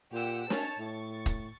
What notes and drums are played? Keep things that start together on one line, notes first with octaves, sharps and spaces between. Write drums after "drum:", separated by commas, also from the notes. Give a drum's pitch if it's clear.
A#2 G4 F#5 E6
C#4 C#5 A5, drum: snare
A2 C#6 A6
drum: kick, hi-hat